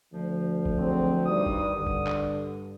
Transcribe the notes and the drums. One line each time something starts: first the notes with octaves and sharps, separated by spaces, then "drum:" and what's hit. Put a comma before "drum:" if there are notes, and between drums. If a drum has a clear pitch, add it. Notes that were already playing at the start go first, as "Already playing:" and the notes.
D2 F3
drum: kick F#1
G#2 F#3 C4
G2 D#3 G3 D#6
drum: kick F#1
G2 D3
drum: kick F#1
drum: clap